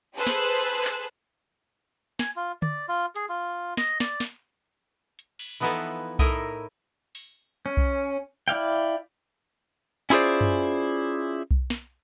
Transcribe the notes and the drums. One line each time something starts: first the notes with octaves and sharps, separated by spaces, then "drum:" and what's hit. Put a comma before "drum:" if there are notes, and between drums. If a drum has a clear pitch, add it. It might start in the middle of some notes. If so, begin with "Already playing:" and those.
G#4 A4 B4 C5 E6 F#6
drum: snare
drum: clap
G#5, drum: snare
F4
D5, drum: tom D3
F4
G#4, drum: hi-hat
F4
D#5, drum: snare
D5, drum: snare
drum: snare
drum: hi-hat
drum: cymbal
E3 F3 B3 D#4 E4 A4
A2 D#4 E4 A#4 D#5, drum: kick B1
drum: open hi-hat
C#4
drum: kick B1
E4 D5 F5 G5
C#4 E4 F4 G#4 C5 D5
drum: tom F#2
drum: kick B1
drum: snare